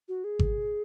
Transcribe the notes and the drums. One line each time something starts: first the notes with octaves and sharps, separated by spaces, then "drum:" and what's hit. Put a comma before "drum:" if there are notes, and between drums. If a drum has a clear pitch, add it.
F#4
G#4
drum: kick G#1